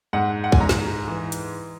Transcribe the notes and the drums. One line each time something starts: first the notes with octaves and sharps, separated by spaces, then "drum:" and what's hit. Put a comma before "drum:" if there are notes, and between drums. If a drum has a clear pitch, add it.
G#2 F#5
F#5
G#5, drum: kick
G#2 A#5
drum: snare
E3
drum: hi-hat